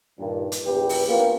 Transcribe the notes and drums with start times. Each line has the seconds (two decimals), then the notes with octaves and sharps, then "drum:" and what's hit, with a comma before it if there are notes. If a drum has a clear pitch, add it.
0.19 G2 A#2 D#3
0.52 drum: hi-hat
0.65 A#1 E2 G4 B4
0.89 drum: open hi-hat
1.08 A#3 B3 C#4 D4 F4 G4